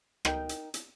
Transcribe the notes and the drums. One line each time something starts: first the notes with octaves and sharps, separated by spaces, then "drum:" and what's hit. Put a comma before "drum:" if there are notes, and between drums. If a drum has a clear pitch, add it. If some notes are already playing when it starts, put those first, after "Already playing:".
D#4 A#4 G5, drum: rim click
drum: hi-hat
drum: hi-hat